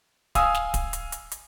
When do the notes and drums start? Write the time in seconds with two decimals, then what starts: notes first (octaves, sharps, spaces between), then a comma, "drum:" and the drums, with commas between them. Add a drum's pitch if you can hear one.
0.35 F5 G#5 D#6 E6, drum: kick D1, hi-hat
0.54 drum: snare
0.74 drum: kick D1, hi-hat
0.93 drum: hi-hat
1.12 drum: hi-hat
1.32 drum: hi-hat